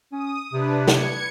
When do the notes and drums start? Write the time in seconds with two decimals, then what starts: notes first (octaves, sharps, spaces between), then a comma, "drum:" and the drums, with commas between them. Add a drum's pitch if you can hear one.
0.12 C#4 D#6
0.53 C3 D4 B4
0.88 G#6 C#7, drum: snare